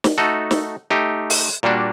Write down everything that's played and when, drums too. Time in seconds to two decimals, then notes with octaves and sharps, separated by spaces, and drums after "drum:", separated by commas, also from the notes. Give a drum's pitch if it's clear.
0.04 drum: snare
0.18 A3 D#4 F#4 A4
0.51 drum: snare
0.90 A3 D#4 G4
1.30 drum: open hi-hat
1.63 A#2 G3 A#3 D4 F#4